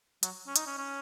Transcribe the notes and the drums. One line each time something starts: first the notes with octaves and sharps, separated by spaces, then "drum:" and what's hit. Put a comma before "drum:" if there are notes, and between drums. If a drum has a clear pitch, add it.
F#3, drum: hi-hat
C#4
D#4, drum: hi-hat
C#4
C#4